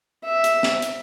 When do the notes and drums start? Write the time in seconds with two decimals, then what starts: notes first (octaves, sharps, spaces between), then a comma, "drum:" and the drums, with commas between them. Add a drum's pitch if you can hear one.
0.25 E5
0.44 drum: hi-hat
0.63 drum: snare
0.82 drum: hi-hat